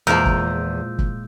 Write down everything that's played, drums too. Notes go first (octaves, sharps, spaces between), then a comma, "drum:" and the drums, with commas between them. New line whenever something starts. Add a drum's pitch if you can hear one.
E2 A#2 F3 G#3 A#4 E6 G6
drum: kick
drum: kick